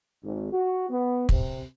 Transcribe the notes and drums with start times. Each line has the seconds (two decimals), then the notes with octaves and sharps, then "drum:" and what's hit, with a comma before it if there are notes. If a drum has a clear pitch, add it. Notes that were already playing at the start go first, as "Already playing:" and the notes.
0.22 G#1
0.51 F#4
0.89 B3
1.29 C3, drum: kick